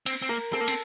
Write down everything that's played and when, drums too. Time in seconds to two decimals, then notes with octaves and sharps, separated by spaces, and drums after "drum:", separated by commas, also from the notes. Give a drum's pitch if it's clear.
0.06 C4, drum: cymbal
0.22 C4
0.29 A#3 A#4
0.53 C4 A4
0.61 A#3
0.68 C4, drum: cymbal